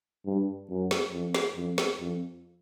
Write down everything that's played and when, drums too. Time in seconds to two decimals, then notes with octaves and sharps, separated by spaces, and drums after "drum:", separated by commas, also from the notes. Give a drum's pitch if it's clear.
0.26 G2
0.69 F#2
0.91 drum: snare
1.12 F2
1.34 drum: snare
1.56 F2
1.78 drum: snare
2.00 F2